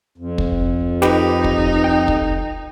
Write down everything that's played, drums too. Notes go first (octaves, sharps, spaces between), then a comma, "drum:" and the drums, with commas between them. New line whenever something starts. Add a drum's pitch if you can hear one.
F2
drum: kick
D#4 G4 B4, drum: snare
drum: kick
G5
drum: kick